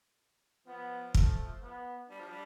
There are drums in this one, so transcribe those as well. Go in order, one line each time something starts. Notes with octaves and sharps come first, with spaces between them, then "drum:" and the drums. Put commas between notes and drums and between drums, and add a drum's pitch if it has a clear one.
F3 B3
A3, drum: kick
B3
G3 D4
F3
G3